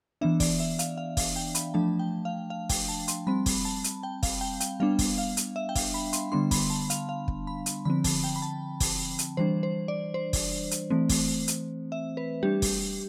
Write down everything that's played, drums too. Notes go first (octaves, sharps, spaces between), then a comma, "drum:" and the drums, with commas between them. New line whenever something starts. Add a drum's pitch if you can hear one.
E3 B3 D4 E5
D5, drum: kick, open hi-hat
E5
F5, drum: hi-hat
F5
F5, drum: kick, open hi-hat
G5
B5, drum: hi-hat
F3 A3 D4 A5
G5
F5
F5
G5, drum: kick, open hi-hat
A5
C6, drum: hi-hat
G3 C4 B5
drum: kick, open hi-hat
A5
drum: hi-hat
G5
F5, drum: kick, open hi-hat
G5
G5, drum: hi-hat
G3 B3 D4 F5
drum: kick, open hi-hat
F5
drum: hi-hat
E5
G5
F5, drum: kick, open hi-hat
B5
C6, drum: hi-hat
D3 G3 B3 D4 C6
B5, drum: kick, open hi-hat
A5
F5, drum: hi-hat
F5
drum: kick
B5
drum: hi-hat
D3 F3 C4 B5
A5, drum: kick, open hi-hat
G5
B5
A5
drum: kick, open hi-hat
drum: hi-hat
E3 G3 D4 C5
C5
D5
C5
drum: kick, open hi-hat
drum: hi-hat
E3 A3 C4
drum: kick, open hi-hat
drum: hi-hat
E5
B4
G3 D4 G4
drum: kick, open hi-hat